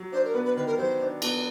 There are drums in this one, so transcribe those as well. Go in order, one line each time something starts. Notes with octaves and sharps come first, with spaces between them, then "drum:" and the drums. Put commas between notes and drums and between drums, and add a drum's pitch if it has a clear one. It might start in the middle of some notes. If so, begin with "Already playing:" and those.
Already playing: F#3
D4 C5
A#4
B3 B4
B4
D#3 B4
A#4
F#3 C5
D4
B3, drum: cymbal